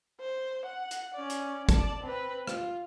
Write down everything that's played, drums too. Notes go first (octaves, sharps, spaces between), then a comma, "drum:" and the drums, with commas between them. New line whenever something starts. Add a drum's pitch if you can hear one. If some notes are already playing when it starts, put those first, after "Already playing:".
C5
F#5
drum: hi-hat
C#4 D5
drum: hi-hat
D5 A5, drum: kick G1, hi-hat
C4 B4
F4, drum: rim click